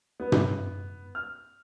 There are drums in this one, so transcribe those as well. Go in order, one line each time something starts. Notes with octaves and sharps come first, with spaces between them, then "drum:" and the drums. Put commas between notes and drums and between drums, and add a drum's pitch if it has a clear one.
B3
drum: tom
F6